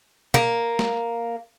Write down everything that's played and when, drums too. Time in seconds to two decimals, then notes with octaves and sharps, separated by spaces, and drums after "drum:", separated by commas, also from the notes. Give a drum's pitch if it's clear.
0.34 A#3, drum: tom
0.79 drum: snare